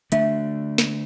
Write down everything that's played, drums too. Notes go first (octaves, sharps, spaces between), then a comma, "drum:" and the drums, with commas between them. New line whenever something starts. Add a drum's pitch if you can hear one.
D3 A3 D4 E5, drum: hi-hat
drum: snare